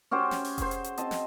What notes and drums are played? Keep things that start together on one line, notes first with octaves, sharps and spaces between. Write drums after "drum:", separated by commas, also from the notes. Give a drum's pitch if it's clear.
C#4 F#4 G4 C5
drum: snare
drum: open hi-hat
G#4 C5, drum: kick F1, hi-hat
drum: hi-hat
drum: hi-hat
C4 D#5 A5, drum: hi-hat
drum: snare